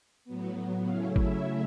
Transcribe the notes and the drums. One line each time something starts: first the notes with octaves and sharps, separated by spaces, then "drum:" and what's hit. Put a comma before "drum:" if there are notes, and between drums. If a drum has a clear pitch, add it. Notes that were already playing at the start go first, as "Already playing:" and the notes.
A2 F#3 B3
C#3 F#3 A3 C#4 E4 F5
E5, drum: kick